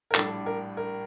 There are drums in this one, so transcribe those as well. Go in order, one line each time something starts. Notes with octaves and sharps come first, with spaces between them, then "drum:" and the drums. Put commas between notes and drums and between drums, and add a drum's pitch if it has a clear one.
A#4
A#1 A2 G3 D4 A4, drum: clap
A#4
A#4